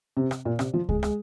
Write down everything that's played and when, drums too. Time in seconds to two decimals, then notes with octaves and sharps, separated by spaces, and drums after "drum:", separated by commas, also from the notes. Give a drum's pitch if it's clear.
0.17 C3
0.31 drum: rim click
0.45 A#2
0.59 C3, drum: rim click
0.74 F3
0.89 G#3, drum: kick C#2
1.03 G#3, drum: rim click